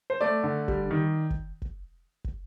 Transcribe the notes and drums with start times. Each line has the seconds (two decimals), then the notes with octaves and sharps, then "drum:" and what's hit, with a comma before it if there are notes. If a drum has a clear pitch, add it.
0.10 C5
0.21 A3 D5
0.44 D3
0.68 G3, drum: kick
0.91 D#3
1.30 drum: kick
1.62 drum: kick
2.24 drum: kick